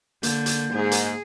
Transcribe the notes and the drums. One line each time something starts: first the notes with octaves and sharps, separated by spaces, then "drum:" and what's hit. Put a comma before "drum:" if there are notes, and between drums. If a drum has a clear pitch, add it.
D3 A#3 G6, drum: hi-hat
drum: hi-hat
G#2 G#4
drum: hi-hat